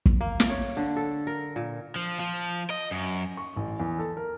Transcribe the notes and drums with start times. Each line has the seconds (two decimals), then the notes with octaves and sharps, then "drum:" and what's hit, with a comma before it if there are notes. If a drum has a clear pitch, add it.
0.06 drum: kick
0.21 A#3
0.40 drum: snare
0.50 C#5
0.77 D3
0.97 A4
1.27 A#4
1.56 A#2
1.96 F3
2.20 F3
2.70 D#5
2.91 F#2
3.37 C#6
3.56 A1
3.79 E2
3.99 A4
4.17 A#4